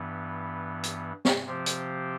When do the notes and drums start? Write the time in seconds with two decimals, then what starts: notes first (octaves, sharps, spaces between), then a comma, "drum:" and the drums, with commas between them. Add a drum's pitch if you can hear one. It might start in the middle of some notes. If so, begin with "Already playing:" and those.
Already playing: G2 E3 B3
0.83 drum: hi-hat
1.25 drum: snare
1.46 C3 F3 C4 G4
1.66 drum: hi-hat